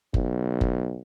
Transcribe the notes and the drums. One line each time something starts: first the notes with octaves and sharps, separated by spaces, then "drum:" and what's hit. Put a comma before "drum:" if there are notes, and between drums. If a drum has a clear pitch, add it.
B1, drum: kick F#1
drum: kick F#1